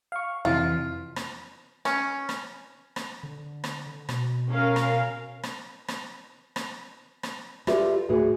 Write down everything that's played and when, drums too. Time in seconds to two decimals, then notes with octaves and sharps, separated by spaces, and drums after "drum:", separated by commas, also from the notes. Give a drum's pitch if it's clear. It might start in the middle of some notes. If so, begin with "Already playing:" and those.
0.12 F5 C#6
0.45 F2 C3 E3 F4
1.16 drum: rim click
1.85 C#4, drum: rim click
2.29 drum: rim click
2.96 drum: rim click
3.23 D3
3.64 drum: rim click
4.09 B2, drum: rim click
4.48 C#4 A#4 F5
4.76 drum: rim click
5.43 drum: rim click
5.88 drum: rim click
6.56 drum: rim click
7.23 drum: rim click
7.67 F4 G4 A4 B4 D5 E5, drum: rim click
8.09 D2 A2 F#4 G#4 B4